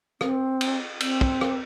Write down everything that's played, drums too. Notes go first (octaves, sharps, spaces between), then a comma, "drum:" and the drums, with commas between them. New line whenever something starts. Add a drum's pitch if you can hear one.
C4, drum: rim click
drum: cymbal
C4, drum: cymbal
drum: kick
drum: rim click